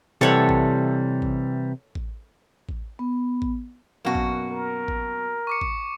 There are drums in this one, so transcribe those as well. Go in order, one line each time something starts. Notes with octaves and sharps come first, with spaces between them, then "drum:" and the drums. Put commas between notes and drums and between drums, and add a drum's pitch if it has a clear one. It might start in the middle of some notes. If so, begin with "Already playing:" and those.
C3 E3 G3 A4 C#5 F#5
drum: kick A1
drum: kick A1
drum: kick A1
drum: kick A1
B3
drum: kick A1
F#2 B2 A#3 F#4 A5
drum: kick A1
A#4
drum: kick A1
C#6 D6 C#7
drum: kick A1